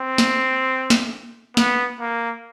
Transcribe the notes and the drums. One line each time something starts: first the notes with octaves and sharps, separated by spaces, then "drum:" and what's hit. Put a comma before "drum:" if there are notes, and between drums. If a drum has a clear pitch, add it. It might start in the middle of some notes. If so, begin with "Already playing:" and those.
Already playing: C4
drum: snare
drum: snare
B3, drum: snare
A#3